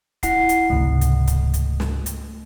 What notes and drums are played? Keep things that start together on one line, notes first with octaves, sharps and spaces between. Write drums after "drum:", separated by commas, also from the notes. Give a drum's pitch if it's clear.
E4 F#5 C7, drum: kick C#1, hi-hat
drum: hi-hat
G#1 C#2 C3 A3
drum: hi-hat
drum: kick C#1, hi-hat
drum: hi-hat
drum: snare
drum: hi-hat